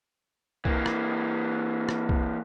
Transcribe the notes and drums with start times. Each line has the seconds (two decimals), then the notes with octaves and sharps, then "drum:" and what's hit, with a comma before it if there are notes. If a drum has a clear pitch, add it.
0.65 E3 A#3, drum: kick B1
0.86 drum: rim click
1.89 drum: rim click
2.09 drum: kick B1